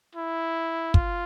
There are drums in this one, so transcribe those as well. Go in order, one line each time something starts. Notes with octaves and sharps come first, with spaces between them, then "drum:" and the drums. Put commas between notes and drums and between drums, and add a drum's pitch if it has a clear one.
E4
F4, drum: kick